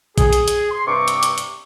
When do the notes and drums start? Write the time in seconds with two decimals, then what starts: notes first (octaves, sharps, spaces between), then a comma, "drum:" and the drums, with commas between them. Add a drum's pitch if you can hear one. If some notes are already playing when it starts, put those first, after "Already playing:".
0.18 G#4, drum: kick A#1, hi-hat
0.33 drum: hi-hat
0.48 drum: hi-hat
0.71 C6
0.87 G2 C3 C#6 D6
1.08 drum: hi-hat
1.23 drum: hi-hat
1.38 drum: hi-hat